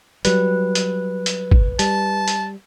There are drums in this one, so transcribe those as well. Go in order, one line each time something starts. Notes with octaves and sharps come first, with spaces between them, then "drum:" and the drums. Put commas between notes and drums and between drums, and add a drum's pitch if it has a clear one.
F#3 G3 B4, drum: hi-hat
drum: hi-hat
drum: hi-hat
drum: kick
G3 A5, drum: hi-hat
drum: hi-hat